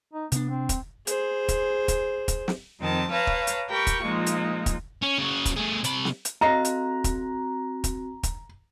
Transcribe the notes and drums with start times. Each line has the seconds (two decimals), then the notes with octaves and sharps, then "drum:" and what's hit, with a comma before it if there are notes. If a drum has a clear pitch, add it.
0.14 D#4
0.32 C3 B3 D4, drum: hi-hat
0.49 C4
0.69 drum: kick, hi-hat
1.07 G#4 C5, drum: hi-hat
1.48 drum: kick, hi-hat
1.88 drum: kick, hi-hat
2.28 drum: kick, hi-hat
2.48 drum: snare
2.80 F2 D#3 C4 A5
3.11 B4 C#5 F5 A5 A#5
3.27 drum: kick
3.47 drum: hi-hat
3.68 G4 A#4 G5 B5 C#6
3.87 drum: kick, hi-hat
4.03 A#2 F3 G#3 D#4
4.26 drum: hi-hat
4.66 drum: kick, hi-hat
5.02 C#4
5.19 C#3 F#4
5.45 drum: kick, hi-hat
5.57 A3 G#4
5.84 C3 B5, drum: hi-hat
6.05 drum: snare
6.25 drum: hi-hat
6.41 C4 F#4 A4 D#5 F5 A#5
6.65 drum: hi-hat
7.04 drum: kick, hi-hat
7.84 drum: kick, hi-hat
8.23 drum: kick, hi-hat